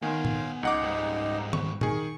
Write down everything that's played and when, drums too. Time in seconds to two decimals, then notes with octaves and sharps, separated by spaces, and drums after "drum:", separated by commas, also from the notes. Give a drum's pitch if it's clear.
0.02 D#3 B3 F5 G#5 C6
0.25 drum: tom A#2
0.63 C#2 D#4 D#5 F#5 D6
0.82 G#2 G3
1.53 C#6, drum: tom
1.81 D#3 G#4 C#6, drum: tom A#2